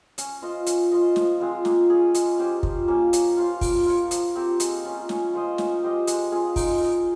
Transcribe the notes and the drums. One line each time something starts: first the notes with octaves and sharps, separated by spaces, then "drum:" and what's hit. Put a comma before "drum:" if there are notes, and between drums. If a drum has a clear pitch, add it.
C#4, drum: hi-hat
F4 C5 D#5
C#4, drum: hi-hat
F4 C5 D#5
F3, drum: snare
G#3 C4 F4
A#3, drum: snare
C#4 F4 G#4
G#3, drum: hi-hat
C#4 G4 C5
F3, drum: kick
A#3 C#4
C#4, drum: hi-hat
F4 C5 F5
A#3, drum: kick, open hi-hat
F4 A#4 C#5
F3, drum: hi-hat
C4 G4 A#4
G#3, drum: hi-hat
C#4 F4
C#4, drum: snare
F4 C5 D#5
C#4, drum: snare
G4 C5 D#5
G#3, drum: hi-hat
C4 F4 G#4
D#4, drum: kick, open hi-hat
A#4 D#5